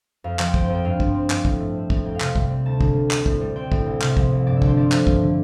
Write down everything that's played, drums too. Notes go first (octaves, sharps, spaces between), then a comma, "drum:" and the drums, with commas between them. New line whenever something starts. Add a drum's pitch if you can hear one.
F2 F5
F3 G5, drum: clap
C4 G5, drum: kick
G5
F2
G5
G2 F5
F3, drum: kick
C4
G2, drum: clap
A2, drum: kick
A3
C4
A2, drum: kick
F2 G5
F5
C3 G5, drum: clap
G3, drum: kick
C4
D2 A5
D3, drum: kick
G3
C4, drum: clap
A2, drum: kick
G3
C4 G5
A2, drum: kick
C2
C3, drum: clap
F3, drum: kick
C2
G2 D5
A4
D3, drum: kick
C5
F3 D5
A3 F5, drum: clap
G2, drum: kick
D3